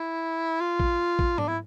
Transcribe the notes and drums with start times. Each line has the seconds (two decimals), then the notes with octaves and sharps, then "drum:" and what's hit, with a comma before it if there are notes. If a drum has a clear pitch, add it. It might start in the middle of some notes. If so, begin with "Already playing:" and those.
Already playing: E4
0.60 F4
0.80 drum: kick
1.19 drum: kick
1.38 D4, drum: tom G#2
1.48 E4